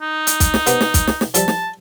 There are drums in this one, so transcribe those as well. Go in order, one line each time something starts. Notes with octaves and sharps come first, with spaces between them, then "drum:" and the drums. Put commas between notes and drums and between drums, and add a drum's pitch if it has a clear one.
D#4
drum: hi-hat
drum: kick, hi-hat
drum: snare
C3 A#3 B3, drum: hi-hat
drum: snare
drum: kick, hi-hat
drum: snare
drum: snare
F3 G3 E5 A5, drum: hi-hat
drum: snare